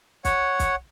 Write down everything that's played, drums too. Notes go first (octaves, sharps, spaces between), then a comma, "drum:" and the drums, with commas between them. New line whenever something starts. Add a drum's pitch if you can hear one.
C#5 F#5, drum: kick, hi-hat
drum: kick, hi-hat